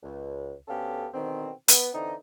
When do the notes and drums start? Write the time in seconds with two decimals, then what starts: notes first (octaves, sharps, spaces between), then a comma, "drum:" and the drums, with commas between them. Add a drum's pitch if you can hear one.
0.03 C#2
0.68 D2 B3 C#4 G4 A4 F5
1.13 B2 D3 D#3 C4
1.68 B3, drum: hi-hat
1.93 D3 E3 C4 D#4